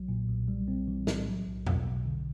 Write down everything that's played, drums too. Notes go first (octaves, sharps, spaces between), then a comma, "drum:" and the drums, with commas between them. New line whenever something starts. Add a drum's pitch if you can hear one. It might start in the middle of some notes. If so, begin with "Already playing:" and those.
Already playing: B1 F#3
A#2
B1
G3
C4
E3
A2, drum: snare
F#3
B1
B2, drum: tom E2
B1
D3